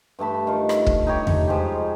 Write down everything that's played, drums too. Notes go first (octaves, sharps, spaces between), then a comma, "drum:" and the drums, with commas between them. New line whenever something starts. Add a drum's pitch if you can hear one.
G2 A3 A5 B5
D#3 D4 F4
E4, drum: rim click
drum: kick
D#4 G4 C#5
drum: tom E2
F3 G#3 G4